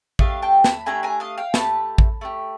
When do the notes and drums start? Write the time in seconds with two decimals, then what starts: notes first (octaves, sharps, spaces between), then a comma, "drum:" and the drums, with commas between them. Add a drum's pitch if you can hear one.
0.19 A3 D4 G4 D#5 F5, drum: kick A1
0.42 G5 A5
0.64 A5 B5, drum: snare
0.86 A3 D4 G4 G#5 A#5
1.03 G#5 A#5
1.20 D#5 F5
1.38 F5 G5
1.54 A3 D4 G4 A5 B5, drum: snare
1.98 drum: kick A1
2.21 A3 D4 G4